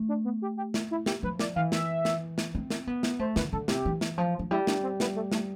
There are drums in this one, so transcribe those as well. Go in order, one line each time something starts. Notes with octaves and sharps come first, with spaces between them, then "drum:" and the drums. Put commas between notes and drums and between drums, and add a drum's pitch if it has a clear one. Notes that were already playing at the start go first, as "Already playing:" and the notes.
Already playing: A3
D4
B3
G4
G4
drum: snare
E4
G4, drum: snare
F3 B4
D5, drum: snare
E3 F5
E5, drum: snare
drum: snare
drum: snare
C4
drum: snare
B3
drum: snare
A3 C5
D3 B4, drum: snare
D3 A4
C3 G4, drum: snare
E3
drum: snare
F3
F3
G3 E4
D4, drum: snare
C4
B3, drum: snare
A3
A3, drum: snare